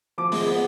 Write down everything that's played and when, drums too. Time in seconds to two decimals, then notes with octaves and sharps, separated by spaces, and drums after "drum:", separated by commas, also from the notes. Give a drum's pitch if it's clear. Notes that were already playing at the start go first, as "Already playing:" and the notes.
0.18 F3 D6
0.32 G#3, drum: open hi-hat
0.46 B3